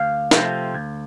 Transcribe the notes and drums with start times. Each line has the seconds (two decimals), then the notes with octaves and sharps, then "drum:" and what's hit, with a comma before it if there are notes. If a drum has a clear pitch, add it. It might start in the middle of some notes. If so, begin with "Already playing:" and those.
Already playing: D2 F5
0.31 C3 F3 A3 C4, drum: snare
0.74 D2